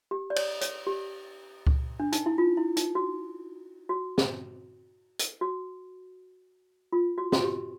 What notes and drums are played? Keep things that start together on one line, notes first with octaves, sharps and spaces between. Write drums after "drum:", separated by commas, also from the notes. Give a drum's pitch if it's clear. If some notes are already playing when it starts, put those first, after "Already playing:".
G4
D5
C#5, drum: cymbal
C#5, drum: hi-hat
G4
drum: kick C#2
D4
D#4, drum: hi-hat
E4
F4
E4
D#4, drum: hi-hat
F#4
F#4
drum: snare
drum: hi-hat
F#4
F4
F#4
F#4, drum: snare
G4